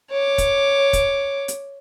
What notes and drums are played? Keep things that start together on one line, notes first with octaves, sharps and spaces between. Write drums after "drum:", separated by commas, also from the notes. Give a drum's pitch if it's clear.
C#5 D6
drum: kick, hi-hat
drum: kick, hi-hat
drum: hi-hat